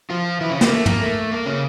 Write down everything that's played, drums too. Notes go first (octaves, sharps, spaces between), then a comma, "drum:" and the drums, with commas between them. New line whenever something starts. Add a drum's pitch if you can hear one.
F3 F4
E3 E4
C#3 C#4
A#3, drum: snare
A3
A#3, drum: tom
A3
A#3
C#3 C#4